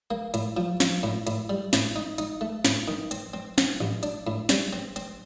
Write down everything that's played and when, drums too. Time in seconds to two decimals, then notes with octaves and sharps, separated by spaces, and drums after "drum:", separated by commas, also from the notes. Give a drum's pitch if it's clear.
0.11 A#3
0.34 A2, drum: hi-hat
0.57 F3
0.80 F3, drum: snare
1.03 A2
1.27 A2, drum: hi-hat
1.50 G3
1.73 A2, drum: snare
1.96 D#4
2.18 D#4, drum: hi-hat
2.41 A3
2.65 A2, drum: snare
2.88 D#3
3.11 C4, drum: hi-hat
3.34 C4
3.58 C4, drum: snare
3.81 A1
4.03 D4, drum: hi-hat
4.27 A2
4.49 G3, drum: snare
4.73 C4
4.96 C4, drum: hi-hat